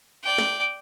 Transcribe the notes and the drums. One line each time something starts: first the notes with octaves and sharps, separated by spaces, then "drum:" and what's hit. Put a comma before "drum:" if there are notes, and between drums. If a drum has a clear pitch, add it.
D5 G5
drum: snare